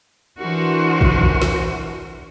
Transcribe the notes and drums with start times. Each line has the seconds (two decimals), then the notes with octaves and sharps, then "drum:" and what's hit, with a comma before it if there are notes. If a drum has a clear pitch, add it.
0.41 E3 D4 F#4 A#4 C5
1.01 drum: kick
1.21 drum: kick
1.42 drum: snare